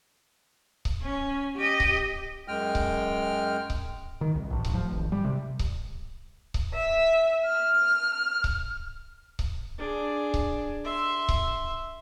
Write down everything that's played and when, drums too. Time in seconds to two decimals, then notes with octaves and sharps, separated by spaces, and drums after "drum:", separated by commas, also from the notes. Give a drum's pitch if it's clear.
0.85 drum: kick C#1
1.02 C#4
1.56 G4 D#5
1.80 drum: kick C#1
2.48 F#2 G#3 G5 F6
2.75 drum: kick C#1
3.70 drum: kick C#1
4.21 D#3
4.35 C2
4.50 A1
4.65 drum: kick C#1
4.74 F3
4.91 G#1
5.12 G3
5.24 C3
5.59 drum: kick C#1
6.54 drum: kick C#1
6.75 E5
7.44 F6
8.44 drum: kick C#1
9.39 drum: kick C#1
9.78 D4 G#4
10.34 drum: kick C#1
10.84 E5 C6
11.29 drum: kick C#1